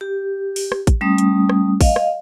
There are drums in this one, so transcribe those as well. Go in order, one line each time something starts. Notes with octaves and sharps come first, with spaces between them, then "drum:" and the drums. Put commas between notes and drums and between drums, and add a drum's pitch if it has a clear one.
G4
drum: open hi-hat
drum: rim click
drum: kick A1, hi-hat
G3 A3 C#4 D#6
drum: hi-hat
drum: rim click
D#5 F5, drum: kick A1, open hi-hat
drum: rim click